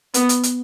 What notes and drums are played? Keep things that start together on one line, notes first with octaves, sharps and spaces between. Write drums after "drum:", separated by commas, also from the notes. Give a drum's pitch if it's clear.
B3, drum: hi-hat
drum: hi-hat
drum: hi-hat